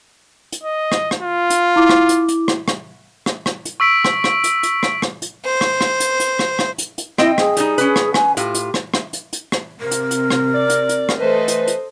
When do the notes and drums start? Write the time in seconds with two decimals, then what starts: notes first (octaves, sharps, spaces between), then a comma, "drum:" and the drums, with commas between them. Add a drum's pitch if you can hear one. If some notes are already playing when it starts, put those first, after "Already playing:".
0.52 drum: hi-hat
0.63 D#5
0.92 drum: rim click
1.11 drum: rim click
1.22 F4
1.50 drum: hi-hat
1.76 E4 D6
1.89 drum: rim click
2.09 drum: hi-hat
2.28 drum: hi-hat
2.48 drum: rim click
2.68 drum: rim click
3.26 drum: rim click
3.46 drum: rim click
3.65 drum: hi-hat
3.80 C#6 E6 B6 D7
4.05 drum: rim click
4.24 drum: rim click
4.44 drum: hi-hat
4.63 drum: hi-hat
4.83 drum: rim click
5.02 drum: rim click
5.22 drum: hi-hat
5.45 C5
5.61 drum: rim click
5.81 drum: rim click
6.00 drum: hi-hat
6.20 drum: hi-hat
6.39 drum: rim click
6.59 drum: rim click
6.78 drum: hi-hat
6.98 drum: hi-hat
7.18 C4 E4 D#5 G5, drum: rim click
7.38 G#4, drum: rim click
7.57 G3 D#4, drum: hi-hat
7.78 C#4 B4, drum: hi-hat
7.96 drum: rim click
8.14 G#5, drum: rim click
8.37 A2 F4 G4, drum: hi-hat
8.54 drum: hi-hat
8.74 drum: rim click
8.94 drum: rim click
9.13 drum: hi-hat
9.33 drum: hi-hat
9.52 drum: rim click
9.80 C3 A#4
9.91 drum: hi-hat
10.11 drum: hi-hat
10.30 drum: rim click
10.54 D5
10.70 drum: hi-hat
10.89 drum: hi-hat
11.09 drum: rim click
11.20 E3 A3 A4 B4 C5 D#5
11.48 drum: hi-hat
11.67 drum: hi-hat